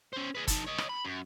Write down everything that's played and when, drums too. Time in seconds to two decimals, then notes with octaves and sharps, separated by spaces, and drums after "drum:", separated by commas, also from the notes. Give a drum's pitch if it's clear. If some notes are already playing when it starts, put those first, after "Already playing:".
0.13 C#4 C5
0.35 G#4 B4
0.48 D#4 A4, drum: kick, hi-hat
0.67 C#5 D#5
0.78 drum: rim click
0.90 B5
1.05 F#2